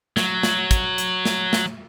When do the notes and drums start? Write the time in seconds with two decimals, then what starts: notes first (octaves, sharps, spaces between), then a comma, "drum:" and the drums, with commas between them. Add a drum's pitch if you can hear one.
0.17 F#3, drum: snare
0.43 drum: snare
0.71 drum: kick, hi-hat
0.98 drum: hi-hat
1.25 drum: snare
1.53 drum: snare